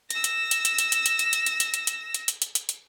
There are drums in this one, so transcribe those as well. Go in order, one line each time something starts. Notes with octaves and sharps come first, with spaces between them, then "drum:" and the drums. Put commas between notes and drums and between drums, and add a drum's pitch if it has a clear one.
E6 A#6, drum: hi-hat
drum: hi-hat
drum: hi-hat
drum: hi-hat
drum: hi-hat
drum: hi-hat
drum: hi-hat
drum: hi-hat
drum: hi-hat
drum: hi-hat
drum: hi-hat
drum: hi-hat
drum: hi-hat
drum: hi-hat
drum: hi-hat
drum: hi-hat
drum: hi-hat
drum: hi-hat